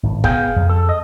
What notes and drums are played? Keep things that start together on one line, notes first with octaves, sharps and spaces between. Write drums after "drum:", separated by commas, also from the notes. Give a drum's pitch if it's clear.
G#1 A2
B3 G#4 F5 G5, drum: kick
F2
A4
D#5